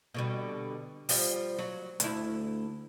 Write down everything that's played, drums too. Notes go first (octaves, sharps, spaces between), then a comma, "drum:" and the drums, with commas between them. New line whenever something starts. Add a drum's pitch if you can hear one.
B2 D3 G3
F3 G3, drum: open hi-hat
F#3
D2 E4, drum: hi-hat